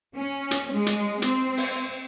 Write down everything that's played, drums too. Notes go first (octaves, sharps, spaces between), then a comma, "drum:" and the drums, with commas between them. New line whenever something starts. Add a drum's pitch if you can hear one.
C#4
drum: hi-hat
G#3
drum: hi-hat
C4, drum: hi-hat
drum: open hi-hat